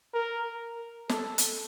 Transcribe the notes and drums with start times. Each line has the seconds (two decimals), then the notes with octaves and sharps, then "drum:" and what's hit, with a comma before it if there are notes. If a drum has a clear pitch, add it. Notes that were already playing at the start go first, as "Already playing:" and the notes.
0.14 A#4
1.09 A4, drum: snare
1.38 drum: hi-hat